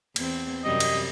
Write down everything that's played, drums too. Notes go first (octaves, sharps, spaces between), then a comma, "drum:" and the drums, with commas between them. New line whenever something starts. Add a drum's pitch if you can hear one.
E2 C4, drum: cymbal
F#2 C3 G3 D#5
drum: cymbal